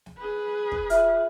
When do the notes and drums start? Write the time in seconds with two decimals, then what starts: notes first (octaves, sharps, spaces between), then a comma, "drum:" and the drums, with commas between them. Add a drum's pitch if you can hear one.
0.06 drum: snare
0.17 G#4 B4
0.72 drum: kick
0.90 F4 E5 F6, drum: hi-hat